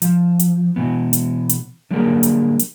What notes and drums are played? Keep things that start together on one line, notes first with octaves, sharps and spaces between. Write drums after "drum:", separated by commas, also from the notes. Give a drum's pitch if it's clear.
F3, drum: hi-hat
drum: hi-hat
B2 E3 B3
drum: hi-hat
drum: hi-hat
D3 F#3 G3 A#3 G#4 A#4
drum: hi-hat
drum: hi-hat